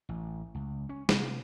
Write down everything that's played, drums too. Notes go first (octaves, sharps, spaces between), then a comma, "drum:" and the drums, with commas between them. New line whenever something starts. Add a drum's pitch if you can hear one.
A1
C#2
C#4
C3, drum: snare